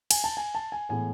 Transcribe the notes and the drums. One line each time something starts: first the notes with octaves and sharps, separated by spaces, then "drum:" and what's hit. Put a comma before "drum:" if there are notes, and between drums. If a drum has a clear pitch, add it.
G#5, drum: cymbal
A5
G#5
A5
G#5
A2 E3 G#3 B3 G#5